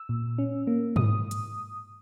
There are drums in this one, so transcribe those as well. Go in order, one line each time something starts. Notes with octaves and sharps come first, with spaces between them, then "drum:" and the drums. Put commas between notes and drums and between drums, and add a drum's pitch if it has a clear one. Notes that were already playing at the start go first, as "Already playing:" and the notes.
Already playing: E6
A#2
C#4
A#3
G#2 D#6, drum: tom G#2
drum: hi-hat